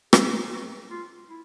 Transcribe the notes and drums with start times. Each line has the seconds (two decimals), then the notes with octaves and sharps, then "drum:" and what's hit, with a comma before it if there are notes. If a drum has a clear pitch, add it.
0.13 G#4, drum: rim click
0.51 F#4
0.90 F4
1.29 E4